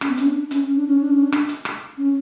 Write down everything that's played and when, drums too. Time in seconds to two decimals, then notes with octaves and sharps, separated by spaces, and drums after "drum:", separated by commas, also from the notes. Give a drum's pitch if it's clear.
0.01 C#4, drum: rim click
0.09 B3
0.17 C#4, drum: hi-hat
0.26 D4
0.51 C#4, drum: hi-hat
0.63 C#4
0.76 D4
0.87 C#4
1.00 D4
1.11 C#4
1.22 D4
1.32 drum: rim click
1.49 drum: hi-hat
1.65 drum: rim click
1.97 C#4